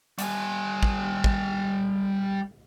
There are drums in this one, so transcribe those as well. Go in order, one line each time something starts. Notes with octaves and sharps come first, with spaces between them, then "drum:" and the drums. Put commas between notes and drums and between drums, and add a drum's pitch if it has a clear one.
G3 G#5, drum: hi-hat
drum: kick
drum: kick